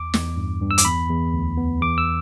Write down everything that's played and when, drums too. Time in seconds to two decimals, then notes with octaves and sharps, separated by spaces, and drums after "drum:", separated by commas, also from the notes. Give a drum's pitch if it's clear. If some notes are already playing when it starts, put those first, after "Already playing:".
Already playing: E2 D6
0.14 E2, drum: snare
0.37 G2
0.61 G2
0.71 E6
0.78 D6, drum: hi-hat
0.85 E2 B5
1.10 E2
1.34 D2
1.57 B3
1.81 E2 D6
1.98 E6